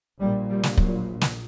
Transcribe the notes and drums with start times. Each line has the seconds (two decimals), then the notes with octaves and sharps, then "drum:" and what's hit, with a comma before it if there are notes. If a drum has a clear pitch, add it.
0.20 A#1 A#2 G3
0.49 G3
0.63 drum: snare
0.77 F#3, drum: kick
1.21 drum: snare